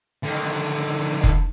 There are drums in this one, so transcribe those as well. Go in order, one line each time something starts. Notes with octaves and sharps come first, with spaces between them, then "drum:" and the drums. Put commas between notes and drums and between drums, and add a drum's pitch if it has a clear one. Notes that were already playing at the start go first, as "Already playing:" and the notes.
D3 D#3
drum: kick F1